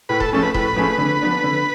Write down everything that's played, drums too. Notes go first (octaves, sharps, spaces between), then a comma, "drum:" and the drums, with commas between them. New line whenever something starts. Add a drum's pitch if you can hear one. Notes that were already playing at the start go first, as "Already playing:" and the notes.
A2 B4
A4, drum: kick D#1
F3 A3 C#4 G#4 A4
B4
A2 B4, drum: kick D#1
F3 A3 C#4 G#4
D3
F3 B3 D4
D3